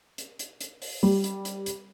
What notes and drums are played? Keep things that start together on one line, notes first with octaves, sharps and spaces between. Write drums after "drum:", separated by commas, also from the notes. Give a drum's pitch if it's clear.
drum: hi-hat
drum: hi-hat
drum: hi-hat
drum: open hi-hat
G3
drum: hi-hat
drum: hi-hat
drum: hi-hat